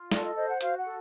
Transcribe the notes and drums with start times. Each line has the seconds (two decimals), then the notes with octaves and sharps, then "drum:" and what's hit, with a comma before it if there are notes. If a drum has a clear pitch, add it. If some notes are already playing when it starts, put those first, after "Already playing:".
Already playing: F4
0.11 A4 D5, drum: snare
0.24 D#5
0.36 C5 D#5
0.48 F#5
0.61 F#4 F5, drum: hi-hat
0.77 F#5
0.85 A4